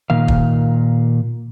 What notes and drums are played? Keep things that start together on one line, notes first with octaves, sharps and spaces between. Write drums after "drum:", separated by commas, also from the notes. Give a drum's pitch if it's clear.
A#2 D#3 F5
drum: kick